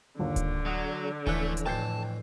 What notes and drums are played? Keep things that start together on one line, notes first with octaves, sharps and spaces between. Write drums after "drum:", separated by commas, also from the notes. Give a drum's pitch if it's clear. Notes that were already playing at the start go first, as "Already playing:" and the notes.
G1 D#2 D3
drum: kick D1, hi-hat
F#3 D5 F#5 D#6
E3 F3 A3 C#4 F#6, drum: kick D1
drum: hi-hat
F2 A2 E3 G5 A5 G6 C7